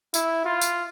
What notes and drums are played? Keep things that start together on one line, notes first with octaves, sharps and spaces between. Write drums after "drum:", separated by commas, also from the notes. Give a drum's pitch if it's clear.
E4, drum: tambourine
F4
drum: tambourine